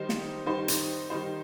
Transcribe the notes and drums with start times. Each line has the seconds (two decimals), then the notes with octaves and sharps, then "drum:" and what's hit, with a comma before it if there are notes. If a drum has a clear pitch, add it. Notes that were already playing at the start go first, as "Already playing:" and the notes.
Already playing: D#3 G3 D#4 C5
0.09 drum: snare
0.46 D#3 G3 D#4 C5
0.68 drum: hi-hat
1.10 D#3 G3 D#4 C5